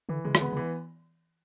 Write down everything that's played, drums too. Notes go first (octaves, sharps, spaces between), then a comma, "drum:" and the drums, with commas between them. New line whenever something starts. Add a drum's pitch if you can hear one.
D3 E3
C#3 G#3
D#3, drum: rim click
D3 B3
C#3
E3